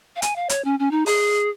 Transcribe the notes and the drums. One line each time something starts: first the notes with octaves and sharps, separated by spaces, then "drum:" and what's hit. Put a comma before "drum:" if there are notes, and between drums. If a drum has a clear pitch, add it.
F5
G#5, drum: hi-hat
F5
C#5, drum: hi-hat
C#4
C#4
D#4
G#4, drum: open hi-hat